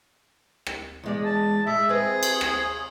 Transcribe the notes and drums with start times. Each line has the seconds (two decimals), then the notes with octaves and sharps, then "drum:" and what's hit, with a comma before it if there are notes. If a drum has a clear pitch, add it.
0.67 drum: rim click
1.03 E2 G#3 D5
1.25 A5
1.67 G#3 E5
1.89 C4 E4 G#4 B4
2.23 drum: cymbal
2.41 drum: rim click